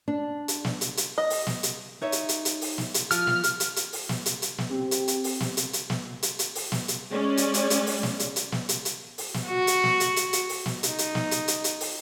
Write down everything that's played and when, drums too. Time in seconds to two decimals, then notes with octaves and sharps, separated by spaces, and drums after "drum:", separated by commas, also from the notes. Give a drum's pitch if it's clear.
0.08 D4
0.48 drum: hi-hat
0.65 drum: snare
0.81 drum: hi-hat
0.97 drum: hi-hat
1.18 D#5
1.30 drum: open hi-hat
1.47 drum: snare
1.63 drum: hi-hat
2.01 D#4 C#5 E5
2.12 drum: hi-hat
2.29 drum: hi-hat
2.45 drum: hi-hat
2.61 drum: open hi-hat
2.78 drum: snare
2.94 drum: hi-hat
3.11 F3 F6, drum: hi-hat
3.27 drum: snare
3.44 drum: hi-hat
3.60 drum: hi-hat
3.76 drum: hi-hat
3.93 drum: open hi-hat
4.09 drum: snare
4.26 drum: hi-hat
4.42 drum: hi-hat
4.58 drum: snare
4.71 C4 G4
4.91 drum: hi-hat
5.08 drum: hi-hat
5.24 drum: open hi-hat
5.40 drum: snare
5.57 drum: hi-hat
5.73 drum: hi-hat
5.90 drum: snare
6.23 drum: hi-hat
6.39 drum: hi-hat
6.55 drum: open hi-hat
6.72 drum: snare
6.88 drum: hi-hat
7.12 G#3 C#4 D5
7.37 drum: hi-hat
7.54 drum: hi-hat
7.70 drum: hi-hat
7.87 drum: open hi-hat
8.03 drum: snare
8.19 drum: hi-hat
8.36 drum: hi-hat
8.52 drum: snare
8.69 drum: hi-hat
8.85 drum: hi-hat
9.18 drum: open hi-hat
9.34 drum: snare
9.47 F#4
9.67 drum: hi-hat
9.84 drum: snare
10.00 drum: hi-hat
10.16 drum: hi-hat
10.33 drum: hi-hat
10.49 drum: open hi-hat
10.66 drum: snare
10.83 D#4, drum: hi-hat
10.98 drum: hi-hat
11.15 drum: snare
11.31 drum: hi-hat
11.48 drum: hi-hat
11.64 drum: hi-hat
11.80 drum: open hi-hat